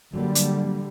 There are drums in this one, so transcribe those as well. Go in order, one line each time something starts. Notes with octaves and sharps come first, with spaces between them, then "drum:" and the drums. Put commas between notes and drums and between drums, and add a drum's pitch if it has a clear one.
D3 F#3 G3 A#3
drum: hi-hat